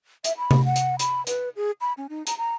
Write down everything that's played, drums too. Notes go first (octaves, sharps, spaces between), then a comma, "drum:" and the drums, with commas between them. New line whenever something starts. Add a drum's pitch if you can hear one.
E5, drum: hi-hat
B5
drum: tom C3
F#5
drum: hi-hat
B5, drum: hi-hat
B4, drum: hi-hat
G#4
B5
C#4
D#4
A#5, drum: hi-hat
A#5